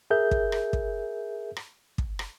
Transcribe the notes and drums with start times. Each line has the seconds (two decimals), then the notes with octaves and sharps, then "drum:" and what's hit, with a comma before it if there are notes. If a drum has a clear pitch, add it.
0.10 G#4 A#4 E5 G6
0.31 drum: kick
0.52 drum: rim click
0.73 drum: kick
1.57 drum: rim click
1.98 drum: kick
2.19 drum: rim click